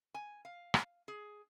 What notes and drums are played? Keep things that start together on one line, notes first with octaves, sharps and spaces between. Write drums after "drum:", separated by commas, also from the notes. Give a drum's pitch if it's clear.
G#5
F5
drum: rim click
G#4